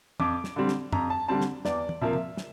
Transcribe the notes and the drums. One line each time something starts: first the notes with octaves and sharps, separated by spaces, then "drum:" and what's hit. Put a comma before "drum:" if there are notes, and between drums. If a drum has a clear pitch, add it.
F2 D6, drum: tom
drum: snare
D3 G3 C4
drum: snare
F2 A#5, drum: tom
A5
D3 G3 C4 A5
drum: snare
E2 D5, drum: snare
drum: tom
C3 F3 A#3 E5
drum: tom
drum: snare